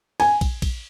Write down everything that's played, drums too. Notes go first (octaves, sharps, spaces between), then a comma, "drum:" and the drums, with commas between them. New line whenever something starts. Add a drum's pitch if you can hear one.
G#5, drum: cymbal
drum: kick, cymbal
drum: kick, cymbal